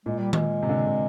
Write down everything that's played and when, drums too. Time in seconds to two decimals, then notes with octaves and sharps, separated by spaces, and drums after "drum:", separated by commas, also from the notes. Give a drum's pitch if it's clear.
0.06 A#2 G#3
0.19 G3
0.33 G#3, drum: tom D#3
0.63 C3
0.69 D3
0.86 C3